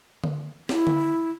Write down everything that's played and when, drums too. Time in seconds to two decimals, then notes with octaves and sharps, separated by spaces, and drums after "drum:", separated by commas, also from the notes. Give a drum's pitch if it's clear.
0.24 drum: tom D3
0.69 E4, drum: snare
0.87 drum: tom D3